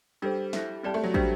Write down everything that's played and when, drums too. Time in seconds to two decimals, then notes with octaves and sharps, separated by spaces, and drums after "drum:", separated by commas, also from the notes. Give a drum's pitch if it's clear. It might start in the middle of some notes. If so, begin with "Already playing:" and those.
0.22 G3 D4 A4 C5
0.53 E4 A4 E5, drum: snare
0.83 G3 C4 G4 D5 A5
0.94 A3
1.04 F#3
1.14 G3 D4 F#4 C5, drum: kick